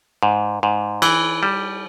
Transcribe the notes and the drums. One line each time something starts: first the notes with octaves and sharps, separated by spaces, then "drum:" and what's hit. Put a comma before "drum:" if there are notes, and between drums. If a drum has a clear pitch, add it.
G#2
G#2
E3, drum: cymbal
G3